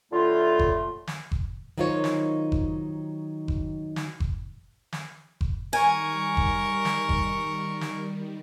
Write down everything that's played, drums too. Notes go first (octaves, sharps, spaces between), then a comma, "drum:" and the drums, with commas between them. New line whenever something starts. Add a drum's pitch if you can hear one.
A2 D3 A3 F4
drum: kick F#1
drum: snare
drum: kick F#1
D#3 F#3 D#4 F4 C5 C#5
drum: snare
drum: kick F#1
drum: kick F#1
drum: snare
drum: kick F#1
drum: snare
drum: kick F#1
D#3 G3 A#4 G#5 C#6
drum: kick F#1
drum: snare
drum: kick F#1
drum: snare